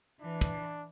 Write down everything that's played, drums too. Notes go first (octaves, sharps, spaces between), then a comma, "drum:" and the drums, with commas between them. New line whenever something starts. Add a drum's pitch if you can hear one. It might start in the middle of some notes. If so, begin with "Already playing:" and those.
E3 D4
drum: kick